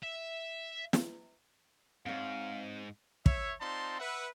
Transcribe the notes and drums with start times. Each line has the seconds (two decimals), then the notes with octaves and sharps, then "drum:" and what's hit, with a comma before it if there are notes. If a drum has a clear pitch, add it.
0.03 E5
0.93 drum: snare
2.06 G#2 C4 C#5 F5
3.26 C#5 E5, drum: kick
3.61 C4 D#4 F4 D5 A5 C6
4.00 B4 E5 F#5